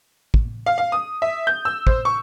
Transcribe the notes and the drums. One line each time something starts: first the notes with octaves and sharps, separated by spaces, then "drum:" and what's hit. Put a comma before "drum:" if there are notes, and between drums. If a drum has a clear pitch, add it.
drum: kick
F5
F5
D#6
E5
G6
E6
C5, drum: kick
C#6